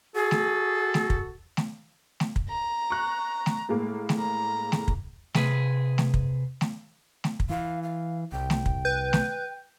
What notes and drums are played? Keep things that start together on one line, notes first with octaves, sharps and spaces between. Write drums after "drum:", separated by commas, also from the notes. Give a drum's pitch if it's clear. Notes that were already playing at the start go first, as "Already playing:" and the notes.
F#4 G#4 A4
drum: snare A3
drum: snare A3
drum: kick
drum: snare A3
drum: snare A3
drum: kick
A#5
C#6 F#6
drum: snare A3
A2 G#3 A#3
drum: snare A3
A#5
drum: snare A3
drum: kick
C3 G#4 B4, drum: snare A3
drum: snare A3
drum: kick
drum: snare A3
drum: snare A3
drum: kick
E3 F5
F5
C2 G5
drum: snare A3
drum: kick
B4 G6
drum: snare A3